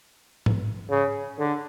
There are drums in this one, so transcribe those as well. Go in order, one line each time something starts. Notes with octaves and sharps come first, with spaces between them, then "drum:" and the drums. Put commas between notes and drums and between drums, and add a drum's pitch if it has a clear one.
drum: tom G#2
C#3
D3